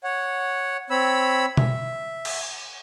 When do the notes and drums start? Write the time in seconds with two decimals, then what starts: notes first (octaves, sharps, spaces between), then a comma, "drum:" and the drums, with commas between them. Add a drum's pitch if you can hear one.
0.04 C#5 F#5
0.90 C4 C#5 B5 E6
1.57 E5, drum: tom B2
2.25 drum: cymbal